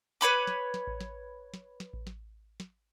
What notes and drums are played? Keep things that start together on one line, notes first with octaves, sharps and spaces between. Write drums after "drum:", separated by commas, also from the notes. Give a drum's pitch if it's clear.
B4 C#5 B5 D6
drum: snare
drum: snare
drum: kick A1
drum: snare
drum: snare
drum: snare
drum: kick A1
drum: snare
drum: snare